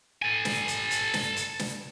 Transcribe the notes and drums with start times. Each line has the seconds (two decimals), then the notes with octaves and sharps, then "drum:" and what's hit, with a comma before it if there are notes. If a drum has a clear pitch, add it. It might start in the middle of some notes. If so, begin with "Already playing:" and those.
0.22 A4 G#5
0.45 drum: snare
0.68 drum: hi-hat
0.91 drum: hi-hat
1.14 drum: snare
1.37 drum: hi-hat
1.59 drum: snare